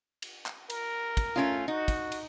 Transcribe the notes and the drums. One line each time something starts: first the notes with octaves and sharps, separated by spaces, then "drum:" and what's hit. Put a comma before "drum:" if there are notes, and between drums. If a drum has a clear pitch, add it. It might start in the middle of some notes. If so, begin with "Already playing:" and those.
drum: cymbal
drum: clap
A#4, drum: cymbal
drum: kick, cymbal
A3 C#4 F4
D#4 F#4
drum: kick, cymbal
drum: cymbal